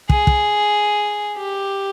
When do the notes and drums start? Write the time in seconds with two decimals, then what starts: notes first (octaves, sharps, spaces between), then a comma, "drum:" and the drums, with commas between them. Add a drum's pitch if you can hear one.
0.09 G#4, drum: kick
0.27 drum: kick
1.37 G4